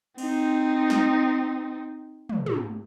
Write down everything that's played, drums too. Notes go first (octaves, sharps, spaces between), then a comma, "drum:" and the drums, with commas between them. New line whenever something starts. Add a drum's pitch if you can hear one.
C4 D#4, drum: cymbal
drum: snare
drum: tom
drum: tom